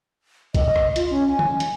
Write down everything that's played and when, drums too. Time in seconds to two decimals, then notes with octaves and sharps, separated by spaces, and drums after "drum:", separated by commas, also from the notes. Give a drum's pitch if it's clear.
0.55 D#5, drum: kick A#1, hi-hat
0.76 drum: rim click
0.96 F4, drum: hi-hat
1.10 C#4
1.28 G#5
1.39 drum: tom
1.60 drum: hi-hat